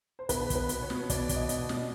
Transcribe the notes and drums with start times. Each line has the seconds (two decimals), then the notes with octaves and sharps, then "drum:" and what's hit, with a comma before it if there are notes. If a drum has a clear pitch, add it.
0.19 C5
0.29 B2 B4, drum: kick, hi-hat
0.50 B2, drum: kick, hi-hat
0.56 B4
0.69 B2, drum: hi-hat
0.83 C#5
0.90 B2, drum: snare
1.09 B2 D5, drum: kick, hi-hat
1.29 B2, drum: kick, hi-hat
1.36 D#5
1.49 B2, drum: hi-hat
1.69 B2, drum: snare